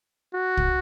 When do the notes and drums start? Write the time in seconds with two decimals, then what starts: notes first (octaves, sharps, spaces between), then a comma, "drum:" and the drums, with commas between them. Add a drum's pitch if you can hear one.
0.34 F#4
0.57 drum: kick